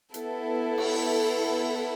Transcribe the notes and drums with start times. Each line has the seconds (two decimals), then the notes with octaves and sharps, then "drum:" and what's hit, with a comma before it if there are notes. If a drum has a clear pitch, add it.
0.14 B3 E4 A4, drum: hi-hat
0.78 drum: cymbal